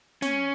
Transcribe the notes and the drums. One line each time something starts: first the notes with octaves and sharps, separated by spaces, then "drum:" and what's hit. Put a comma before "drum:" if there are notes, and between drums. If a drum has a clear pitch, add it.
C#4, drum: snare